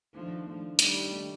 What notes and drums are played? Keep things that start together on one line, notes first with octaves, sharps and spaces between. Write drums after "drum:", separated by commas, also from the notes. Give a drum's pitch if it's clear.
D#3 F3 A3 D4
D#3 F3 A3 D4
D#3 G3 A3 D4, drum: hi-hat
D#3 A3 D4